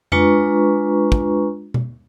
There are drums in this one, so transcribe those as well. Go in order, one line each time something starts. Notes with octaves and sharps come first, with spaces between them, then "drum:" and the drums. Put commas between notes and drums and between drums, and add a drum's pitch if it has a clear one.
G#3 D4 F4 B4 A#5 C#6, drum: tom F2
drum: kick
drum: tom B2